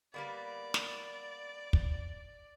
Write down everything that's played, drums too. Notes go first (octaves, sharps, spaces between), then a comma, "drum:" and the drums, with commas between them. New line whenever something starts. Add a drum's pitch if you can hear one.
G3 A#3 B3 D5
drum: snare
drum: kick